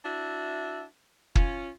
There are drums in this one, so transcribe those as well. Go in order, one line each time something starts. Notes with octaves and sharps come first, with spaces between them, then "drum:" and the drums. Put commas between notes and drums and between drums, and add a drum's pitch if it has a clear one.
D4 E4 F#4 E5
C#4 F4, drum: kick